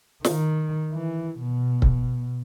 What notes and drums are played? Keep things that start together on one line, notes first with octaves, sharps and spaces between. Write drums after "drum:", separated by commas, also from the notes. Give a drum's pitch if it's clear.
D#3, drum: snare
E3
B2
drum: kick C#1